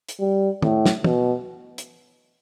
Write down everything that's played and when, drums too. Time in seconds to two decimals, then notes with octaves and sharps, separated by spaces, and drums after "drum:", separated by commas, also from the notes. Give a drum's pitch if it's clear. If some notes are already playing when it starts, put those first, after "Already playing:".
0.09 drum: hi-hat
0.20 G3
0.62 A2, drum: tom
0.86 drum: snare
1.04 B2, drum: tom
1.78 drum: hi-hat